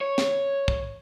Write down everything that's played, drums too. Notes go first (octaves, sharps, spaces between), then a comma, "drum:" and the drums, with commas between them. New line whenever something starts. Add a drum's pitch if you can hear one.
C#5
drum: snare
drum: kick